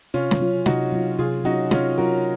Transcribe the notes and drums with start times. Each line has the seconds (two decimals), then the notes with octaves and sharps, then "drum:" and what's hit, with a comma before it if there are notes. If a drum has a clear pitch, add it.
0.14 C3 C#4 F4
0.31 drum: snare
0.40 F#3 C#4 F4
0.66 C3 D#4 F#4, drum: snare
0.92 F#3 C#4 F4
1.18 C3 F4 G#4
1.44 F#3 C#4 D#4 F4 F#4
1.71 C3 C#4 F4, drum: snare
1.98 F#3 C#4 F4 F#4 A#4